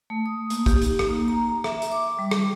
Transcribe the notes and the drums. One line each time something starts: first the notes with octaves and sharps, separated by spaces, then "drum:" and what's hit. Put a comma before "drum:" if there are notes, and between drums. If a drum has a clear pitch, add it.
A3
D#6
A#3, drum: hi-hat
G4, drum: kick, hi-hat
D#4, drum: hi-hat
drum: rim click
A#3
A#5
A#5
E5, drum: rim click
drum: hi-hat
D6
G3
drum: rim click